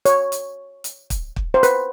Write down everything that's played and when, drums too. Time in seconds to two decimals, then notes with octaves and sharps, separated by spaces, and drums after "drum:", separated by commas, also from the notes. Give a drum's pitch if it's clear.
0.05 C#5, drum: hi-hat
0.32 drum: hi-hat
0.84 drum: hi-hat
1.10 drum: kick, hi-hat
1.36 drum: kick
1.54 C5
1.63 B4, drum: hi-hat